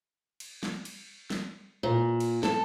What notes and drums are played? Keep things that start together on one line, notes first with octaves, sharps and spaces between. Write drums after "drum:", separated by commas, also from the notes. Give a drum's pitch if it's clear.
drum: cymbal
drum: snare
drum: cymbal
drum: snare
A#2
drum: cymbal
A4, drum: snare